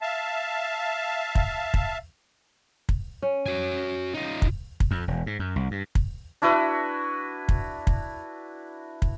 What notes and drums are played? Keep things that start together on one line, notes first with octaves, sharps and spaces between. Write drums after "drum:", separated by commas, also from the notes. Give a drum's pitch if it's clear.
E5 F5 A5
drum: kick
drum: kick
drum: kick
C#4
F#4 G#5
D#4 F4
drum: kick
drum: kick
F2
E1
G#2
F#2
C2
G2
drum: kick
D4 E4 F#4 B4
drum: kick
drum: kick
drum: kick